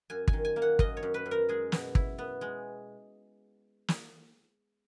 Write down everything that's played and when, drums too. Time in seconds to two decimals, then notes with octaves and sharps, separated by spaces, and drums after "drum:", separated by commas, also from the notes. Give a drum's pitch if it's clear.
0.10 F#2 G#5
0.28 G#5, drum: kick
0.33 D#3
0.45 G#5
0.56 A#3
0.62 F#5
0.79 F#2 D#5, drum: kick
0.97 C#5
1.03 F#2
1.14 B4
1.26 F#2
1.31 A#4
1.49 G#3 G#4
1.72 B2, drum: snare
1.95 E4, drum: kick
2.18 B3
2.41 G#3
3.88 drum: snare